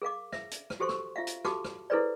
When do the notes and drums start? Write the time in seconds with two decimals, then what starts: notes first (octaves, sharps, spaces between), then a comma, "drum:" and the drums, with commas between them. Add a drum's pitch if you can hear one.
0.02 G#4 A#4 F5 D6
0.32 E5, drum: rim click
0.51 drum: hi-hat
0.70 drum: rim click
0.80 F#4 G4 A4 C5 C6 C#6
0.89 drum: rim click
1.16 F4 E5 F5
1.27 drum: hi-hat
1.45 F#4 G4 A4 A5 D6, drum: rim click
1.64 drum: rim click
1.90 E4 G#4 A4 B4 C5 D5